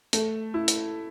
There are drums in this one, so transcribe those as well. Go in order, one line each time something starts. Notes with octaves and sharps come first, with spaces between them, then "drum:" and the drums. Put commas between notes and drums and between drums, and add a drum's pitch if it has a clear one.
A3, drum: hi-hat
E4
drum: hi-hat